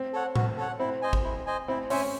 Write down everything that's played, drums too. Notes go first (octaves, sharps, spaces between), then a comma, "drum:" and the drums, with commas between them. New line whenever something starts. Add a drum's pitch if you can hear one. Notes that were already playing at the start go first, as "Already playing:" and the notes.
Already playing: C4
A4 C#5 F#5
F#4, drum: tom A2
A4 C#5 F#5
C4 E4
C5 D#5 G#5
drum: kick
E4
C5 D#5 G#5
C4 E4
C#4 C5 E5 G#5, drum: open hi-hat